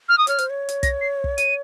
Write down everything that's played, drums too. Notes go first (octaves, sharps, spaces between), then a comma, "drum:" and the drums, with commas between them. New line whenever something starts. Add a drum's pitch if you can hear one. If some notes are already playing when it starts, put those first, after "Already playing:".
F6
D#6
C#5 F6, drum: hi-hat
C5, drum: hi-hat
C#5
drum: hi-hat
A#6, drum: kick, hi-hat
C7
drum: kick
D#7, drum: hi-hat